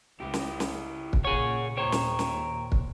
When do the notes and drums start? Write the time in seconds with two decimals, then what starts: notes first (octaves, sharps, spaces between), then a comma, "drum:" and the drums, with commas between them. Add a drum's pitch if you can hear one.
0.20 C#2 E4 G4
0.34 drum: snare
0.60 drum: snare
1.13 drum: kick
1.25 A#2 C#3 G#4 C#5 F#5
1.77 D#2 A#2 C5 C#5 G5 A#5
1.92 drum: snare
2.19 drum: snare
2.72 drum: kick